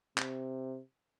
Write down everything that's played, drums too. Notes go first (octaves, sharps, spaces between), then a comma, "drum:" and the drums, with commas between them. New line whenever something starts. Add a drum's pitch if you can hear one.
C3, drum: clap